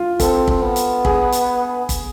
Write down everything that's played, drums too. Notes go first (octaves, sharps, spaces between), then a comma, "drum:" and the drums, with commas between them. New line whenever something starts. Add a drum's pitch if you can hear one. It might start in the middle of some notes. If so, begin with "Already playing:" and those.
Already playing: F4
C4 A4, drum: kick, hi-hat
drum: kick
B3
drum: hi-hat
G#4, drum: kick
drum: hi-hat
drum: kick, hi-hat